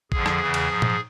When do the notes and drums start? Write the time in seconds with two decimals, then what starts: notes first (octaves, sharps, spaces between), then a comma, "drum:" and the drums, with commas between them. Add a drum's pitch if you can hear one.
0.12 F2 D3 F3 G#4, drum: kick A1
0.26 drum: rim click
0.40 E2 C#3 E3
0.54 drum: cymbal
0.68 G#2 F3
0.82 drum: tom A#2